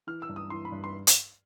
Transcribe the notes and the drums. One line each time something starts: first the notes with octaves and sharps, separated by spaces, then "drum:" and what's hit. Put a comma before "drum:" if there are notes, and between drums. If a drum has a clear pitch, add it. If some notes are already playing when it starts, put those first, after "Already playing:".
E3 F6
E6
G2
D#6
E3 C6
B5
G2
C6
drum: hi-hat